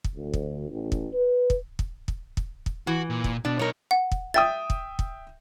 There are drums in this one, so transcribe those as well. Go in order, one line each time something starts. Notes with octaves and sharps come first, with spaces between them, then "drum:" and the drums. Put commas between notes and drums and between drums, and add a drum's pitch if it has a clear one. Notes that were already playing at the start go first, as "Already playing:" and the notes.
drum: kick
D2
drum: kick
A1
drum: kick
B4
drum: kick
drum: kick
drum: kick
drum: kick
drum: kick
E3 F#4
A#2
drum: kick
B2 D4
B2 D#4 A#4 C#5
F#5
drum: kick
E5 G5 D#6 A6
drum: kick
drum: kick